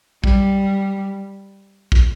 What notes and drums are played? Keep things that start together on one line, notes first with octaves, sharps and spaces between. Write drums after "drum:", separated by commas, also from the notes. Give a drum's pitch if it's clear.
G3, drum: kick A#1
drum: kick A#1